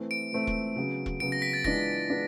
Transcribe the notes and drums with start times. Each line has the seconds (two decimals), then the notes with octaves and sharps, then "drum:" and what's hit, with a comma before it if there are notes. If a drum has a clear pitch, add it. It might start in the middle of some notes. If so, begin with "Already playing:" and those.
Already playing: E3 A3 C4
0.11 D7
0.33 E3 A3 C4
0.47 drum: kick E1
0.76 C#3 F#3 B3
1.06 drum: kick E1
1.20 C#3 F#3 B3 D7
1.32 A#6
1.42 B6
1.53 A6
1.64 E3 G#3 B3 D4 F4 A#6, drum: kick E1
2.09 G#3 B3 D4 F4